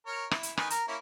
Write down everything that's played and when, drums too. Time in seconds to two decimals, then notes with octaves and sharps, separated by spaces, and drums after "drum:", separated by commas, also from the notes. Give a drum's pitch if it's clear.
0.07 A#4 C#5
0.31 E4, drum: rim click
0.43 drum: hi-hat
0.57 D#3 B4 G#5, drum: rim click
0.70 A#4 A#5, drum: hi-hat
0.88 A#3 C#4 E4